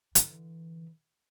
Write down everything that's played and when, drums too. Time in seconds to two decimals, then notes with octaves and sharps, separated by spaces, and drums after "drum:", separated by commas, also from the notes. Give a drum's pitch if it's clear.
0.15 D3 E3, drum: hi-hat